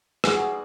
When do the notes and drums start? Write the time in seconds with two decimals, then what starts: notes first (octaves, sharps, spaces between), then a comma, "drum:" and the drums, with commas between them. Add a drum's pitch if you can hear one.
0.24 G3 B3 D#4 F#4 G#4, drum: rim click